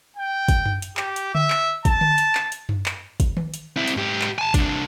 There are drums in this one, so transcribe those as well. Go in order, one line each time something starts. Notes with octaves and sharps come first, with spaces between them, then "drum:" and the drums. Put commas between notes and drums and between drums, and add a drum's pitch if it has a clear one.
G5
drum: kick, hi-hat
drum: tom F#2
drum: hi-hat
G4, drum: clap
drum: hi-hat
E5, drum: tom D3
drum: clap
A5, drum: kick, hi-hat
drum: tom D3
drum: hi-hat
drum: clap
drum: hi-hat
drum: tom F#2
drum: clap
drum: kick, hi-hat
drum: tom D#3
drum: hi-hat
C4 E4
drum: hi-hat
G#2 G4
drum: clap
G#5 A5
C2 D4, drum: kick, hi-hat